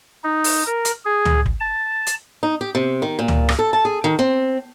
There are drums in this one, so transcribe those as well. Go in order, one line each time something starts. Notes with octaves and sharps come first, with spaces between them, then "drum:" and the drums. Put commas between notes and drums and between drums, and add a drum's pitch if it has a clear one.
D#4
drum: open hi-hat
A#4
drum: hi-hat
G#4
drum: tom C#2
drum: kick
A5
drum: hi-hat
D#4
G4
C3
D#3
A#2
drum: tom C#2
drum: rim click
A4
A5
G#4
D#3
C4